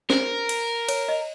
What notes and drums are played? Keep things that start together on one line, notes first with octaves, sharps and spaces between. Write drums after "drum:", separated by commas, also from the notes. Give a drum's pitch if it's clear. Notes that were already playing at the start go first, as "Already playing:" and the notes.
A#4 C5, drum: snare
drum: cymbal
C#5, drum: cymbal
D#5